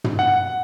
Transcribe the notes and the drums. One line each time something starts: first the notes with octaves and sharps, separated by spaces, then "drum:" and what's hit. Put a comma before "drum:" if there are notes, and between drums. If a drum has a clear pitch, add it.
drum: tom
F#5